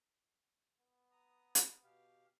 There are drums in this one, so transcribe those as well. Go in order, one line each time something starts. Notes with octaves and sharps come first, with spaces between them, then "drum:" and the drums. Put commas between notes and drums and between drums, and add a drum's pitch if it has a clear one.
B3
A#5 D#6
drum: hi-hat
B2 G4 F5